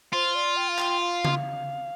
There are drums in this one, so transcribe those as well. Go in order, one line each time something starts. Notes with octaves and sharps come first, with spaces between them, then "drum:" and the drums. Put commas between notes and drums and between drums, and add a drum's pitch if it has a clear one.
F4 C5
D5
G5
F5
G5, drum: clap
F5
drum: tom C#3